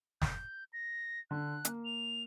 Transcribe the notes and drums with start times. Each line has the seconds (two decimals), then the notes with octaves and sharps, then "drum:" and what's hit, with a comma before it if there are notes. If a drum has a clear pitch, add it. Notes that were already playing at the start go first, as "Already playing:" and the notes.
0.22 G6, drum: snare
0.73 A#6
1.31 D3 F#6
1.65 A#3, drum: hi-hat
1.85 F7